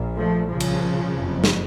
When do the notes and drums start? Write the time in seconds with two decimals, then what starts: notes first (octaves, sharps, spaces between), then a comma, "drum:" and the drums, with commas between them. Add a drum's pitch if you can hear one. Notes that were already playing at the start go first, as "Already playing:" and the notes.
Already playing: A#1 A#2
0.17 F3 A3
0.50 C2 A#2 C#3 F3
0.60 drum: cymbal
1.14 F#1 F2 C3
1.44 drum: snare